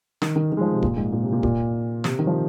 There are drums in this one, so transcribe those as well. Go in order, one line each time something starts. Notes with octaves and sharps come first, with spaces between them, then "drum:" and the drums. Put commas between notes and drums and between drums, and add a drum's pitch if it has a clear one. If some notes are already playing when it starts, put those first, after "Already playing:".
D#3, drum: snare
D#3
D#3
G#3
F3
C3
A#2, drum: kick
G#2
A#2
C3
A#2
A#2, drum: kick
C3, drum: snare
D#3
F3